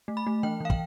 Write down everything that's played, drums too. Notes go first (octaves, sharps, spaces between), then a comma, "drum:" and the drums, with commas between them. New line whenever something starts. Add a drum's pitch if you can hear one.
A3
B5
A3
E3 G5
E3 F5
G5, drum: kick